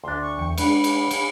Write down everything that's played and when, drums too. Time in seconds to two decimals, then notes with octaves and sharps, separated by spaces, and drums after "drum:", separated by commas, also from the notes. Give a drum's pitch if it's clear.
0.04 D2 D4 C6
0.22 C#6
0.38 E2 G5 C#7
0.58 G#3 D4 B4 F#5 B5, drum: cymbal
0.84 drum: cymbal
1.11 drum: cymbal